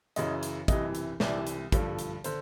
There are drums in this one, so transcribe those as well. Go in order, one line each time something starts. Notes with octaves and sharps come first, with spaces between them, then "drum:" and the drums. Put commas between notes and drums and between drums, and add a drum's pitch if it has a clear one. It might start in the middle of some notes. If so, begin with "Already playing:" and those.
F#2 C#3 E3 D#5, drum: hi-hat
drum: hi-hat
C2 C3 E3 D#5, drum: kick, hi-hat
drum: hi-hat
C2 C3 E3 D5, drum: snare
drum: hi-hat
G2 D3 F3, drum: kick, hi-hat
drum: hi-hat
D3 C5, drum: hi-hat